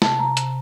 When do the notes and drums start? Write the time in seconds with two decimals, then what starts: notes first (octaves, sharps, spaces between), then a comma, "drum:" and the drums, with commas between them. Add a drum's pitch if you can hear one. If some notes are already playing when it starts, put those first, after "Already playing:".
0.02 C3 A5, drum: snare
0.19 C3 A#5
0.37 C3, drum: hi-hat